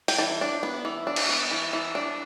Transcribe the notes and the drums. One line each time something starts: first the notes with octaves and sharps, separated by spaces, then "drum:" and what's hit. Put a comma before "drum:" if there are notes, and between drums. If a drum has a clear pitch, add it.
G5, drum: open hi-hat
E3 A5
D4
B3
E3
D4
drum: cymbal
B3
E3
E3
D4